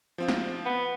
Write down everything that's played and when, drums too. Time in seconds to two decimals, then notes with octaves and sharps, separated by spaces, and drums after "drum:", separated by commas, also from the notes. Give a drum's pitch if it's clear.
0.18 F3 C4 F4
0.28 drum: snare
0.66 B3